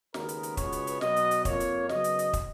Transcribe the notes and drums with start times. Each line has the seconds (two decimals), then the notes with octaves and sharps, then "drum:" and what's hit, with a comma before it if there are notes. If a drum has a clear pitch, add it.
0.14 D#2 C#3 G#3 B3 A#4, drum: snare
0.29 drum: hi-hat
0.43 drum: hi-hat
0.57 C#2 B2 G#3 B3 C#5, drum: kick, hi-hat
0.72 drum: hi-hat
0.87 drum: hi-hat
1.01 B2 F#3 B3 D#5, drum: snare
1.16 drum: hi-hat
1.31 drum: hi-hat
1.45 F2 F3 A#3 C#5, drum: kick, hi-hat
1.60 drum: hi-hat
1.89 F#2 C#3 F#3 B3 D#5, drum: snare
2.04 drum: hi-hat
2.19 drum: hi-hat
2.33 drum: kick, hi-hat